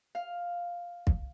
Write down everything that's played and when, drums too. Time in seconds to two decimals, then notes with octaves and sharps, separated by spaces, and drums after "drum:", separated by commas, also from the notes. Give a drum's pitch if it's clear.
0.15 F5
1.07 drum: kick